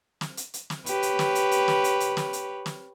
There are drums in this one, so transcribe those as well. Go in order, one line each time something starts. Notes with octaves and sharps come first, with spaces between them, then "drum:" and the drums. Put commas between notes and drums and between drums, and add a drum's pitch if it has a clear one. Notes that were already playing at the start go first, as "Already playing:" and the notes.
drum: snare
drum: hi-hat
drum: hi-hat
drum: snare
G4 B4 C#5, drum: hi-hat
drum: hi-hat
drum: snare
drum: hi-hat
drum: hi-hat
drum: snare
drum: hi-hat
drum: hi-hat
drum: snare
drum: hi-hat
drum: snare